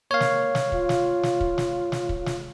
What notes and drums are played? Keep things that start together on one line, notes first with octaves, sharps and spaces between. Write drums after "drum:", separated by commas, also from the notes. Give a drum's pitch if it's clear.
A#3 C#5 F5
drum: snare
drum: snare
F4, drum: kick
drum: snare
drum: snare
drum: kick
drum: snare
drum: snare
drum: kick
drum: snare